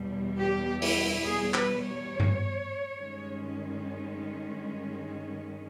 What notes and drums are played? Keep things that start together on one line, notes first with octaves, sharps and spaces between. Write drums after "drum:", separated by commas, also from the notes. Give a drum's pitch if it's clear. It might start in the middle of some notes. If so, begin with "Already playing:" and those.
Already playing: E2 B2 G3
G4
E4, drum: open hi-hat
G#4
B4, drum: clap
C#5
drum: tom G2
G2 D#3 G#3 C#4